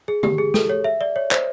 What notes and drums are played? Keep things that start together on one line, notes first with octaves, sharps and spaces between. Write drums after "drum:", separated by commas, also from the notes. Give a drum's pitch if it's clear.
G#4
G4, drum: tom D3
G#4
A4, drum: snare
C#5
E5
D5
C#5
C5, drum: clap